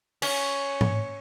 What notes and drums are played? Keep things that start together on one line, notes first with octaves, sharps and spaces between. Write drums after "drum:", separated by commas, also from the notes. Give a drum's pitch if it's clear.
C#4, drum: cymbal
drum: tom G#2